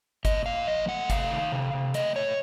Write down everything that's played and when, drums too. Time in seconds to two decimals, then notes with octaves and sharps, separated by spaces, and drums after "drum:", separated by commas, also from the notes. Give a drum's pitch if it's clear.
0.25 A#2 D#5, drum: kick, hi-hat
0.46 A#2 F5
0.67 F3 D#5
0.88 A3 F#5
1.10 C3 F5, drum: kick, hi-hat
1.31 D#3
1.52 C3
1.74 C3
1.94 A3 D#5, drum: hi-hat
2.16 A3 C#5